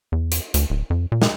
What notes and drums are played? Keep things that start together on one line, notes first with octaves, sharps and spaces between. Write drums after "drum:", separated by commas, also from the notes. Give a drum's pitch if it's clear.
E2
drum: hi-hat
D2, drum: hi-hat
D1
F2
A#2
drum: snare